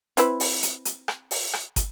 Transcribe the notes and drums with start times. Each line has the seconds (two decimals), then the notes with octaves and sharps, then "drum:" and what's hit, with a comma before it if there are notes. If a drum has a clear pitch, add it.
0.17 C4 E4 B4, drum: hi-hat
0.40 drum: open hi-hat
0.63 drum: hi-hat
0.85 drum: hi-hat
1.08 drum: rim click
1.31 drum: open hi-hat
1.53 drum: rim click
1.76 drum: kick, hi-hat